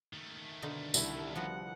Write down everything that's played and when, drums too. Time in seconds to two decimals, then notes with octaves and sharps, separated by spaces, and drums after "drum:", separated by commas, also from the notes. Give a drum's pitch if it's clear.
0.13 D#3 A3
0.62 B2 D3 D#4
0.94 C2 E4, drum: tambourine
1.36 F3 B3 F#4 F#5